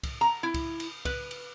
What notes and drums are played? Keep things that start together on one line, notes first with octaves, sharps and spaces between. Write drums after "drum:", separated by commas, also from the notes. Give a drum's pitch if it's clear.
drum: kick C2, cymbal
A#5
E4
drum: kick C2, cymbal
drum: cymbal
B4, drum: kick C2, cymbal
drum: cymbal